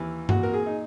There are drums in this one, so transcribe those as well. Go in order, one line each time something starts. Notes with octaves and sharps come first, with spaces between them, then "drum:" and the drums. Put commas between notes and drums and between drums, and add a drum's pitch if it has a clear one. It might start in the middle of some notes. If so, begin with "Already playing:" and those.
Already playing: D#2 E3
A#2 F#4, drum: tom G2
A#4
G#4
D#4